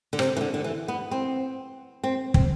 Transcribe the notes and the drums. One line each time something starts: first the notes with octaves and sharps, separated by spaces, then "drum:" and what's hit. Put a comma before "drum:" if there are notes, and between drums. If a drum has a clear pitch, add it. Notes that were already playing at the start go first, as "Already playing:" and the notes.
D3
C3, drum: rim click
E3
D3
D3
E3
B3
C4
C4
C4, drum: kick